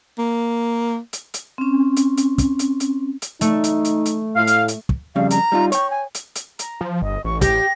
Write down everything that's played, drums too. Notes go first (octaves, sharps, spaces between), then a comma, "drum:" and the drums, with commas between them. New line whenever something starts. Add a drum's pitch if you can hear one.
A#3
drum: hi-hat
drum: hi-hat
C4 C#4
drum: hi-hat
drum: hi-hat
drum: kick, hi-hat
drum: hi-hat
drum: hi-hat
drum: hi-hat
A3 D#4, drum: hi-hat
drum: hi-hat
drum: hi-hat
drum: hi-hat
A2 F5
drum: hi-hat
drum: hi-hat
drum: kick
F2 C#3 G3 F5
A#5, drum: hi-hat
G3 D#4 F4
C#5 G5 C#6, drum: hi-hat
G#5
drum: hi-hat
drum: hi-hat
A#5, drum: hi-hat
F3
G1 D#5
A1 C#6
G4 A#6, drum: kick, hi-hat